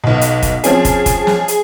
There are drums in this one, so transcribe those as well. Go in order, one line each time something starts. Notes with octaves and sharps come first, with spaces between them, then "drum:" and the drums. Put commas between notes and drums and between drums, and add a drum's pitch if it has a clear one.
B1 B2
drum: hi-hat
drum: kick, hi-hat
F3 C4 C#4 G#4, drum: hi-hat
drum: kick, hi-hat
drum: kick, hi-hat
drum: snare
drum: hi-hat